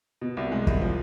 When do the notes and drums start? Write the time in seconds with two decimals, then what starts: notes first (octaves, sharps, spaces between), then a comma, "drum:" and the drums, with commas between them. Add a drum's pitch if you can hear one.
0.22 B2
0.37 C2
0.52 G#3
0.67 C2, drum: kick
0.81 F3